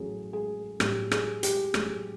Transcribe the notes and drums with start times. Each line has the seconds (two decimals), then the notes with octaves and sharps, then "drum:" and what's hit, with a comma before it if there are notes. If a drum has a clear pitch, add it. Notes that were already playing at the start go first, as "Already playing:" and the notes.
Already playing: A1 A2 F#3 A3 G#4
0.33 G#4
0.80 A1 A2 F#3 A3 G4, drum: rim click
1.11 G#4, drum: rim click
1.43 G4, drum: hi-hat
1.74 A1 A2 F#3 A3 G#4, drum: rim click